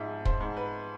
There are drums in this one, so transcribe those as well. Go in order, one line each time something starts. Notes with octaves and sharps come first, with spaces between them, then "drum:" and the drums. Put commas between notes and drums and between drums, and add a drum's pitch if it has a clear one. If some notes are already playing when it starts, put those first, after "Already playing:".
Already playing: G#2 F3 D#5 E5
C5, drum: kick
G#2
B4